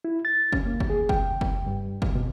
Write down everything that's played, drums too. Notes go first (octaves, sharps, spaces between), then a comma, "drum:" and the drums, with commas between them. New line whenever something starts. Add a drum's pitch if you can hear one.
E4
A6
C#4, drum: kick F#1
A#3
drum: kick F#1
G#4
G5, drum: kick F#1
drum: kick F#1
G2
drum: kick F#1
B2